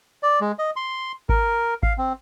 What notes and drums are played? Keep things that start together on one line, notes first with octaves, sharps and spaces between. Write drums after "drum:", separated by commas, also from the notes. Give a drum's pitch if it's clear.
D5
G#3
D#5
C6
A#4, drum: kick G#1
F5, drum: kick G#1
C4